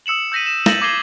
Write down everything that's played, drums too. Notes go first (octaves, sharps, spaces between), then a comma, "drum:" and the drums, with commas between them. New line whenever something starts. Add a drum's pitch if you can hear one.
D#6 E6 C#7 E7 F#7
E6 G6 A#6 B6 D#7
G6 E7
G6 A6 A#6 C#7 F#7, drum: snare
D6 G#6 A#6 C7 D#7 G7